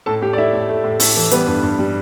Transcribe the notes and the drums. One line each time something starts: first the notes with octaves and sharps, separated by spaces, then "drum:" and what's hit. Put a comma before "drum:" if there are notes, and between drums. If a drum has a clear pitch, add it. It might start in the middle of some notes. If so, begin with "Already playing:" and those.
A2 A4 A5
A2 G4
D5
A3 E4 E5
A2
A3
A2
A2 A4, drum: open hi-hat
E3 A4
G3 B3 B4, drum: hi-hat
G2
G2
G3